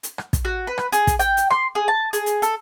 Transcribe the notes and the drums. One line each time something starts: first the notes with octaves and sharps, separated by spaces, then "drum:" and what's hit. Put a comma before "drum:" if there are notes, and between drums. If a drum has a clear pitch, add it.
drum: hi-hat
drum: rim click
drum: kick, hi-hat
F#4
B4
drum: rim click
G#4, drum: hi-hat
drum: kick, hi-hat
G5, drum: hi-hat
drum: hi-hat
C6, drum: rim click
G#4
A5
G#4, drum: hi-hat
drum: hi-hat
A4, drum: hi-hat